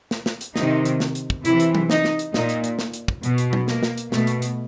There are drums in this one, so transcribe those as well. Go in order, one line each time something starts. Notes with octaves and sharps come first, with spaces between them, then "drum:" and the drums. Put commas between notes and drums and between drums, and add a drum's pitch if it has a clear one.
drum: snare
drum: snare
drum: hi-hat
C3 D#3 D#4, drum: snare
drum: hi-hat
drum: snare
drum: hi-hat
drum: kick
C3 E3 E4, drum: hi-hat
drum: hi-hat
drum: tom F#3
D#4, drum: snare
drum: snare
drum: hi-hat
A#2 D#4, drum: snare
drum: hi-hat
drum: hi-hat
drum: snare
drum: hi-hat
drum: kick
B2, drum: hi-hat
drum: hi-hat
drum: tom F#3
A#3, drum: snare
drum: snare
drum: hi-hat
B2 A3, drum: snare
drum: hi-hat
drum: hi-hat